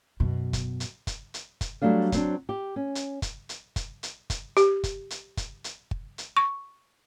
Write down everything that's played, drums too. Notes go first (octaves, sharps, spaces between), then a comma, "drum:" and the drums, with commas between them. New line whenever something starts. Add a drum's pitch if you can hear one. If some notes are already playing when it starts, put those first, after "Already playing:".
F#2 B2
drum: kick, hi-hat
drum: hi-hat
drum: kick, hi-hat
drum: hi-hat
drum: kick, hi-hat
F#3 G3 A3 D4 F5
F#3 C4 D4, drum: kick, hi-hat
G4
C#4
drum: hi-hat
drum: kick, hi-hat
drum: hi-hat
drum: kick, hi-hat
drum: hi-hat
drum: kick, hi-hat
G4, drum: hi-hat
drum: kick, hi-hat
drum: hi-hat
drum: kick, hi-hat
drum: hi-hat
drum: kick
drum: hi-hat
C#6